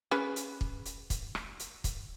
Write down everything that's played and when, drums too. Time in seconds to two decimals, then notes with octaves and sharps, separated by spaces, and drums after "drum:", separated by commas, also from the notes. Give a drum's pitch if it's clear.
0.11 C#4 G#4 B4, drum: rim click
0.36 drum: hi-hat
0.61 drum: kick
0.85 drum: hi-hat
1.10 drum: kick, hi-hat
1.35 drum: rim click
1.59 drum: hi-hat
1.84 drum: kick, hi-hat